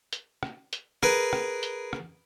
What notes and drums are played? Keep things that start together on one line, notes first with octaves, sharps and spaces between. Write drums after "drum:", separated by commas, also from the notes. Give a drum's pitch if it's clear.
drum: hi-hat
drum: rim click
drum: hi-hat
G#4 A#4 B4 G#5, drum: rim click
drum: rim click
drum: hi-hat
drum: rim click